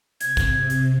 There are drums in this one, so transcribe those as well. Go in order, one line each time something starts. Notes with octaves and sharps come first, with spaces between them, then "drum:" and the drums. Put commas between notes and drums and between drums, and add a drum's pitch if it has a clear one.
C3 G#6, drum: hi-hat
drum: kick, hi-hat
drum: hi-hat